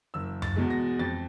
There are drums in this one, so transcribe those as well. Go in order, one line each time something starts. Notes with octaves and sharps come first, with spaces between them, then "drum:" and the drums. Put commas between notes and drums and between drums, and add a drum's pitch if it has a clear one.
F#1 E6
A6, drum: tom F#2
E2 B2 G#3
A#6
F2 A6